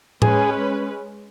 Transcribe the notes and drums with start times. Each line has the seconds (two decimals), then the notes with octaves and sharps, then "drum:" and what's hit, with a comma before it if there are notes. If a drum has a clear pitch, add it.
0.22 G#3 C#4 G#4 B4, drum: tom A2